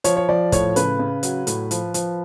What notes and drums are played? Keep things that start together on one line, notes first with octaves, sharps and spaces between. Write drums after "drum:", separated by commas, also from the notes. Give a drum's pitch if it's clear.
F3 C#5, drum: hi-hat
C#5
F3 D5
A2 C#5, drum: kick, hi-hat
C#3 B4, drum: hi-hat
C#3
F#3, drum: hi-hat
A2, drum: hi-hat
F3, drum: hi-hat
F3, drum: hi-hat